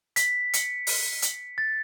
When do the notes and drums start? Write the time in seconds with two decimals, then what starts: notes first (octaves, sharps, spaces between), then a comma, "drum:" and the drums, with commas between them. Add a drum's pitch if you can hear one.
0.16 B6, drum: hi-hat
0.53 C#7, drum: hi-hat
0.87 drum: open hi-hat
1.22 drum: hi-hat
1.58 A6